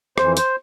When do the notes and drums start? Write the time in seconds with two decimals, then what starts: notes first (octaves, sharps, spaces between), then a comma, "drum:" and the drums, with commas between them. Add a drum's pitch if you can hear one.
0.18 F2 E3 C5, drum: rim click
0.37 C5, drum: hi-hat